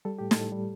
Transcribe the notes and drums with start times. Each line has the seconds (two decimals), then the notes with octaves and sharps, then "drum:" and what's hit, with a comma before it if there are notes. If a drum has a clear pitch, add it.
0.05 G3 A4
0.19 A2 G4
0.31 A4, drum: snare
0.36 A2
0.52 G3